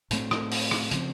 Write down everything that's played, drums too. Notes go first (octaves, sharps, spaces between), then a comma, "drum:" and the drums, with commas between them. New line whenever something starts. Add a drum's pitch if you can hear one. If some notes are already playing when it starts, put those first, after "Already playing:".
A2 A3 C4, drum: hi-hat
drum: rim click
drum: open hi-hat
drum: rim click
C#3 F3 C4, drum: hi-hat